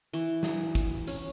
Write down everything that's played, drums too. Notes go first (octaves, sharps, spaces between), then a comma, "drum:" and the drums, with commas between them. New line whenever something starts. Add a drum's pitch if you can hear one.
E3
drum: snare
drum: kick, hi-hat
C#4, drum: hi-hat